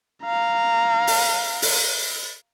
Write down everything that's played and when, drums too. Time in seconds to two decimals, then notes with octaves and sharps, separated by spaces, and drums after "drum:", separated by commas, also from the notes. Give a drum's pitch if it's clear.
0.24 F5 A#5
1.07 drum: open hi-hat
1.62 drum: open hi-hat